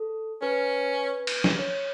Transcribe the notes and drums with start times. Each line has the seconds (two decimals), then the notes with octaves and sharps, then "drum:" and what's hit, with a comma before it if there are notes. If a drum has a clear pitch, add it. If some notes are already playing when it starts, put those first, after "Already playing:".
Already playing: A4
0.42 C#4 B4
1.27 drum: cymbal
1.44 drum: snare
1.59 C#5